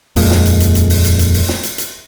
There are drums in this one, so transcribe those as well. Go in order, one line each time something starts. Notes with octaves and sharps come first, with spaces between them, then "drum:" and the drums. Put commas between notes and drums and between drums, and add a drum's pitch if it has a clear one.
D#1 F2 G#3 A#3, drum: open hi-hat
drum: snare
drum: hi-hat
drum: hi-hat
drum: hi-hat
drum: open hi-hat
drum: hi-hat
drum: hi-hat
drum: open hi-hat
drum: snare
drum: hi-hat
drum: hi-hat